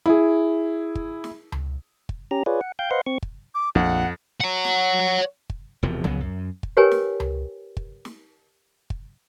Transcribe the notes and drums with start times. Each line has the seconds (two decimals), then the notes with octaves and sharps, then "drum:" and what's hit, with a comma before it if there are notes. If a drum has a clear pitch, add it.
0.06 E4 G#4
0.95 drum: kick
1.24 drum: snare
1.52 drum: tom C#2
2.09 drum: kick
2.31 C#4 G4 A#5
2.46 F4 G#4 B4 C#5 D5
2.61 F#5
2.79 F5 G5 G6
2.91 B4 C5 D#5 F5 F#5 C6
3.06 C4 C#6
3.22 drum: kick
3.55 D6
3.75 A#1 F2 F#5
4.41 C#5 F#5
4.64 drum: snare
5.50 drum: kick
5.83 E1 E2 C3 F3
6.04 A#1 C#3 F#3 B3, drum: tom C#2
6.21 F#2
6.63 drum: kick
6.77 G4 A#4 B4 C#5 G5 G#5
6.91 drum: snare
7.20 drum: tom C#2
7.77 drum: kick
8.05 drum: snare
8.90 drum: kick